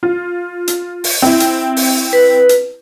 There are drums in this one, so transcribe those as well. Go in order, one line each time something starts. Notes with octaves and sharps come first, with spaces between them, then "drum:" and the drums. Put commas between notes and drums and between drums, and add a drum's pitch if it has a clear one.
F4
drum: hi-hat
drum: open hi-hat
C4 E4
drum: hi-hat
drum: open hi-hat
B4
drum: hi-hat